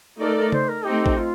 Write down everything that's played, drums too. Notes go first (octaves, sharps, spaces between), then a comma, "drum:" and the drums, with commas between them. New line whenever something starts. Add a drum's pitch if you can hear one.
A3 D#4 A4 A#4 D5
A#4
C5, drum: tom C#3
A#4
A3 C4 D#4 G4
drum: kick
F4